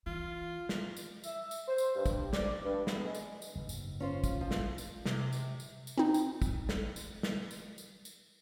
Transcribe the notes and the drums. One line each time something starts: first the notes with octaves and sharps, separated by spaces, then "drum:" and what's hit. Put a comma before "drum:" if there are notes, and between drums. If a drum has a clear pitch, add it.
E3 F4
drum: snare
drum: tambourine
E5, drum: tambourine
drum: tambourine
C5
drum: tambourine
G2
drum: kick, tambourine
D5, drum: snare
G2
B3, drum: snare
G#3
drum: tambourine
drum: tambourine
F#1 D#2 G#2
drum: tambourine
C#4 F4 C5
drum: kick, tambourine
A#1 A2 F3
drum: snare
drum: tambourine
C3, drum: snare
drum: tambourine
drum: tambourine
drum: tambourine
C4 D#4
drum: tambourine
drum: kick, tambourine
drum: snare
drum: tambourine
drum: snare
drum: tambourine
drum: tambourine
drum: tambourine